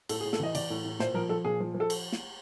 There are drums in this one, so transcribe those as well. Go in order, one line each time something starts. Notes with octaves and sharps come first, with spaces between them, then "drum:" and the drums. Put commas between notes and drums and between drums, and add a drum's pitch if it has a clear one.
A2 A4, drum: cymbal
G#4
A2
A4, drum: snare
E3 D#5
E3 D5, drum: cymbal
A2
A2
A#2 C5, drum: snare
F3 A#4
F3 A4
A#2 G#4
F3
F3
A4
drum: cymbal
drum: snare